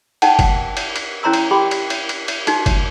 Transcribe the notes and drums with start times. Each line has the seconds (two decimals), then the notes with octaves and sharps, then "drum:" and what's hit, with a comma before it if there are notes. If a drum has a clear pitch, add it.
0.22 D#4 F#5 G5 A5, drum: cymbal
0.39 drum: kick F#1, cymbal
0.77 drum: cymbal
0.96 drum: cymbal
1.23 C#4 E4 C#5 A#5 C6 E6
1.33 drum: cymbal
1.51 G4 G5 B5 C6 D6
1.71 drum: cymbal
1.90 drum: cymbal
2.09 drum: cymbal
2.28 drum: cymbal
2.47 D4 D#4 F#4, drum: cymbal
2.66 drum: kick F#1, cymbal